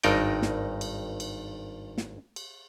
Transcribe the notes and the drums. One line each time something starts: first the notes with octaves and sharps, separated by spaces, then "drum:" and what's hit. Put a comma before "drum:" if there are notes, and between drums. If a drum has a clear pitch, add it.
G#1 G2 D#4 A#4 D5 G5, drum: cymbal
drum: snare
drum: cymbal
drum: cymbal
drum: snare
drum: cymbal